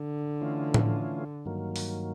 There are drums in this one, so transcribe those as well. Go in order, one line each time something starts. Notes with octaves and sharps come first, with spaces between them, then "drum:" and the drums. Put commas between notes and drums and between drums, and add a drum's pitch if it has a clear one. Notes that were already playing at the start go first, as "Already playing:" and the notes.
Already playing: D3
E3 A3 C#4 F4
drum: tom A2
G2 D#3 F#3 A#3
drum: open hi-hat